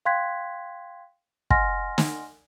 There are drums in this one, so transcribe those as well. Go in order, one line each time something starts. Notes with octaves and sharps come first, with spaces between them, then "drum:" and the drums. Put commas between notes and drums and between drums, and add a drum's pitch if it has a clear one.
F5 G5 C6 F#6 G#6 B6
D#5 F#5 G#5 C6 F6 A#6, drum: kick
drum: snare